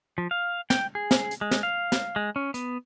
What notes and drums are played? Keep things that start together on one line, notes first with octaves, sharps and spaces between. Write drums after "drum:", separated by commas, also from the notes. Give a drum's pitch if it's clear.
F3
F5
G5, drum: snare
G#4
drum: snare
drum: hi-hat
G#3
drum: snare
F5
drum: snare
G#3
C#4
B3, drum: hi-hat